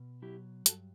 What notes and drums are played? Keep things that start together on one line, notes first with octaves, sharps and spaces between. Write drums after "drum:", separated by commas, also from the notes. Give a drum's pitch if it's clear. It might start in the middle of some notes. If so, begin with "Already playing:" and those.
Already playing: B2
F#3 E4 G4
G2 F#4 A4, drum: hi-hat